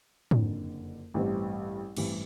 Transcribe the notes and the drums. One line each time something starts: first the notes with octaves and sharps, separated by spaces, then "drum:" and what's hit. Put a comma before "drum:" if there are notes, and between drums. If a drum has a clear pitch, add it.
F#1 F2 D3, drum: tom G#2
A1 G2 E3 G3 C4
A1 G2 E3 G3 C4, drum: cymbal